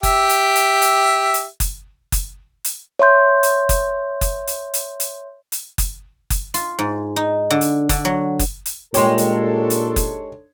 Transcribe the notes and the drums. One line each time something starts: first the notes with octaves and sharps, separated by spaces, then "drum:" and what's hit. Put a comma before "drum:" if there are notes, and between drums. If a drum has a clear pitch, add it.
G4 E5, drum: kick F#1, hi-hat
drum: hi-hat
drum: hi-hat
drum: hi-hat
drum: hi-hat
drum: kick F#1, hi-hat
drum: kick F#1, hi-hat
drum: hi-hat
C#5 E5 C6 G6
drum: hi-hat
drum: kick F#1, hi-hat
drum: kick F#1, hi-hat
drum: hi-hat
drum: hi-hat
drum: hi-hat
drum: hi-hat
drum: kick F#1, hi-hat
drum: kick F#1, hi-hat
F4, drum: hi-hat
G#2
D#4
D3
drum: hi-hat
D3, drum: kick F#1, hi-hat
F#3
drum: kick F#1, hi-hat
drum: hi-hat
A#2 G#3 D4 D#4 G4 A4 C#5 C6, drum: hi-hat
drum: hi-hat
drum: hi-hat
drum: kick F#1, hi-hat